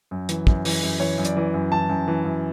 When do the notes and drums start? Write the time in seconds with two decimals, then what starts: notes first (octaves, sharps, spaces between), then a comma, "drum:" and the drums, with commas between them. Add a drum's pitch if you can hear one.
0.11 F#2
0.29 E3, drum: hi-hat
0.47 F#2, drum: kick
0.65 E3, drum: open hi-hat
0.83 F#2
1.00 E3 C#5
1.18 F#2
1.25 D5, drum: hi-hat
1.37 E3
1.54 F#2
1.72 E3 A5
1.89 F#2
2.08 E3
2.25 F#2